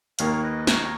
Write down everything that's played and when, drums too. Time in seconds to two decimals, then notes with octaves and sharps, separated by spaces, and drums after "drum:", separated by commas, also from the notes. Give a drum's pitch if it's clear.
0.19 D#2 D#3 A#3 C#5 F5, drum: hi-hat
0.43 B4 D#5
0.67 A#4 C#5, drum: snare